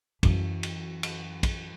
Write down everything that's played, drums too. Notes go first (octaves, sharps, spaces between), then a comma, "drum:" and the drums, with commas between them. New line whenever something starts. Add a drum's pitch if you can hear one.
F#2 E3, drum: kick, cymbal
drum: cymbal
drum: cymbal
drum: kick, cymbal